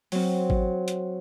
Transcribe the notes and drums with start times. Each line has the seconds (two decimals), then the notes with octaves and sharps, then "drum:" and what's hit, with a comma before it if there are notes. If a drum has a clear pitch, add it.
0.12 F#3 C4, drum: open hi-hat
0.50 drum: kick G#1
0.88 drum: hi-hat